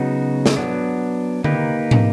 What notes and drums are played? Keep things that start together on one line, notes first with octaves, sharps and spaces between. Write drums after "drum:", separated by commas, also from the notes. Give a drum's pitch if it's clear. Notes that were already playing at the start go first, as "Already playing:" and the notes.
Already playing: C#3 F#3 B3 D#4 F#4
drum: snare
F#3 B3 D4
A#3 D#4 G4 B4, drum: tom D3
drum: tom